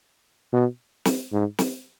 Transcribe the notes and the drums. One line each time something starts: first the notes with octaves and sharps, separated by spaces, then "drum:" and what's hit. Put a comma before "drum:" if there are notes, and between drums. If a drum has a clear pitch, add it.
B2
drum: snare
G#2
drum: snare